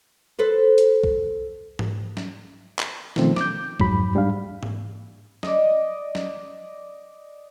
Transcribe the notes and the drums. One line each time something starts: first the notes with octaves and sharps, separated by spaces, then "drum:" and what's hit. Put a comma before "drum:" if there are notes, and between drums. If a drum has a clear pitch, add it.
A4 B4 C5
drum: hi-hat
drum: kick C2
drum: tom G#2
drum: snare
drum: clap
B2 D#3 F3 A3 C4, drum: snare
D6 G6, drum: snare
F2 G#2 F#3 B5, drum: kick C2
G#2 G3 D4 F5
drum: tom G#2
D5 D#5, drum: snare
drum: snare